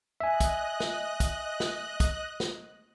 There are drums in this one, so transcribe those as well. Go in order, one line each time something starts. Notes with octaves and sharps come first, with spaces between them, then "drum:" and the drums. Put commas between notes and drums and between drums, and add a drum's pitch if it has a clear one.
D#5 E5 G#5 F#6
drum: kick, hi-hat
drum: snare
drum: kick, hi-hat
drum: snare
drum: kick, hi-hat
drum: snare